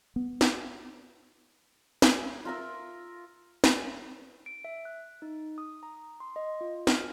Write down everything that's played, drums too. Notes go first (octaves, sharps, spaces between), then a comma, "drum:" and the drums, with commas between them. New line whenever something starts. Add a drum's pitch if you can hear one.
B3
drum: snare
drum: snare
F4 A#4 E5
drum: snare
D7
E5
F#6
D#4
D#6
A#5
C6
D#5
F4
F6, drum: snare